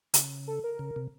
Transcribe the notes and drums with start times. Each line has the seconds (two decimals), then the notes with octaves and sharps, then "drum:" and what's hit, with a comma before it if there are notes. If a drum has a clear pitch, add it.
0.14 C#3, drum: hi-hat
0.47 A4
0.64 A#4
0.79 C#3
0.96 C3